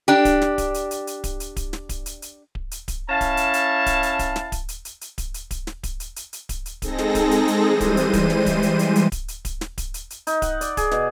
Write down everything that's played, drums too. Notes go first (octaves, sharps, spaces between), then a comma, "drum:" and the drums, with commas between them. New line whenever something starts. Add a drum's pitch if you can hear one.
D4 G4
drum: kick D1, hi-hat
drum: snare
drum: kick D1, hi-hat
drum: hi-hat
drum: hi-hat
drum: hi-hat
drum: kick D1, hi-hat
drum: hi-hat
drum: kick D1, hi-hat
drum: snare
drum: kick D1, hi-hat
drum: hi-hat
drum: hi-hat
drum: kick D1
drum: hi-hat
drum: kick D1, hi-hat
C#4 E4 F5 A5
drum: kick D1, hi-hat
drum: hi-hat
drum: hi-hat
drum: kick D1, hi-hat
drum: hi-hat
drum: kick D1, hi-hat
drum: snare
drum: kick D1, hi-hat
drum: hi-hat
drum: hi-hat
drum: hi-hat
drum: kick D1, hi-hat
drum: hi-hat
drum: kick D1, hi-hat
drum: snare
drum: kick D1, hi-hat
drum: hi-hat
drum: hi-hat
drum: hi-hat
drum: kick D1, hi-hat
drum: hi-hat
G#3 C4 D#4 G#4 A4 A#6, drum: kick D1, hi-hat
drum: snare
drum: kick D1, hi-hat
drum: hi-hat
drum: hi-hat
E3 G3 G#3 C5 D#7
drum: kick D1, hi-hat
drum: hi-hat
drum: kick D1, hi-hat
drum: snare
drum: kick D1, hi-hat
drum: hi-hat
drum: hi-hat
drum: hi-hat
drum: kick D1, hi-hat
drum: hi-hat
drum: kick D1, hi-hat
drum: snare
drum: kick D1, hi-hat
drum: hi-hat
drum: hi-hat
D#4, drum: hi-hat
F#5, drum: kick D1, hi-hat
D5, drum: hi-hat
G#4, drum: kick D1, hi-hat
B2, drum: snare